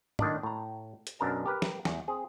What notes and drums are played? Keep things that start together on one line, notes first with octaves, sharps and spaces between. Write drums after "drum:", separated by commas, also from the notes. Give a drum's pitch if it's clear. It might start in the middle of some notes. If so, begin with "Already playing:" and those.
A2 D#3 D4 D5, drum: tom
A2 A#5
drum: hi-hat
B1 F#2 D4 A#4 A5 A#5
G4 A#4 B4
drum: snare
E2, drum: snare
C4 G#4